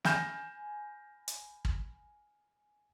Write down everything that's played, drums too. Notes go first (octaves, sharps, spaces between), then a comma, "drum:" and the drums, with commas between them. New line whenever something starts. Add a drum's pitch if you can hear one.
G#5 B5 F6 G6 A#6 E7, drum: snare
drum: hi-hat
drum: kick